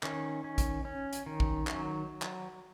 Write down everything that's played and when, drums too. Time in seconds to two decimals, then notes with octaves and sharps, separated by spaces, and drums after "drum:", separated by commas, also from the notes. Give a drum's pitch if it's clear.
0.03 D#3 C#4, drum: clap
0.44 C#4
0.58 drum: kick, hi-hat
0.85 C#4
1.13 drum: hi-hat
1.26 D#3
1.40 drum: kick
1.67 F#3 C#4, drum: clap
2.22 drum: clap